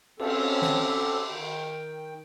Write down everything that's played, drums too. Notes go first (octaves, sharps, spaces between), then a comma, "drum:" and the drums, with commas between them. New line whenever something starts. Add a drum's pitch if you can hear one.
C4 C#4 G4 A4, drum: cymbal
drum: snare
D#3 G5